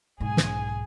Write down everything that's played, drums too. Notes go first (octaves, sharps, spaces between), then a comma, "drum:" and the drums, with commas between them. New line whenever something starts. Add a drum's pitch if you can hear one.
B1 G#2 G#4 G#5
drum: snare